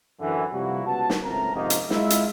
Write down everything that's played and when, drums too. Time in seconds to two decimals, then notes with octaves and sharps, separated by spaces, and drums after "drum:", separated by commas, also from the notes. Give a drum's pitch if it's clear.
0.20 F#2 D3 E3
0.53 C3 F3 G3 A#3 E4 F#4
0.86 C#2 B3 F#4 F#5 A5
1.10 drum: snare
1.24 C#2 A2 C4 A#4 A#5
1.54 F2 G#2 C3 D#3 A#3 D#4
1.70 drum: hi-hat
1.90 G#3 E4 F4 E5, drum: snare
2.10 drum: hi-hat